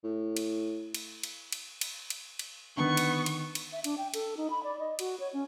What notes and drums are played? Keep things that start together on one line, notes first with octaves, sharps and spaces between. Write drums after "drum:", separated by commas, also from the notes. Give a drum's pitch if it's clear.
A2
drum: cymbal
drum: cymbal
drum: cymbal
drum: cymbal
drum: cymbal
drum: cymbal
drum: cymbal
D3 D#3 B3 C#6
drum: cymbal
drum: cymbal
drum: cymbal
E5
D4, drum: cymbal
G5
A4, drum: cymbal
D#4
B5
D5
D#5
F#4, drum: cymbal
C#5
C#4